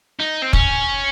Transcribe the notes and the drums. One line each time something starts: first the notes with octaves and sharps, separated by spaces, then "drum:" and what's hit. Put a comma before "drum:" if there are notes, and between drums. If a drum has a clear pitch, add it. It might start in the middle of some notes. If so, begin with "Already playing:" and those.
D#4
C4
C#4, drum: kick